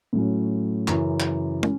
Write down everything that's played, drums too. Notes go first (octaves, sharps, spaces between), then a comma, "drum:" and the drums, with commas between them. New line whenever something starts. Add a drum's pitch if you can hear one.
A2 F#3 C#4
F#2 C#3 E3, drum: clap
drum: clap
C#4, drum: tom